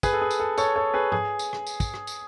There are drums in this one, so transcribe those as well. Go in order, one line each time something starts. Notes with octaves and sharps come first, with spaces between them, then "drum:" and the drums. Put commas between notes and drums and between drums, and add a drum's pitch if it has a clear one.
G#4 B4, drum: kick, tambourine
A4
G#4
drum: tambourine
A4
A4 C#5, drum: tambourine
A4 C#5
G#4 B4
G#4, drum: tom G#2
drum: tambourine
drum: rim click
drum: tambourine
drum: kick, tambourine
drum: rim click
drum: tambourine